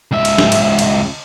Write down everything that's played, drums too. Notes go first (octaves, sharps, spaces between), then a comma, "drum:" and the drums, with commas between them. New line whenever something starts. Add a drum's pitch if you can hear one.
C#2 E5
drum: cymbal
drum: snare
drum: cymbal
drum: cymbal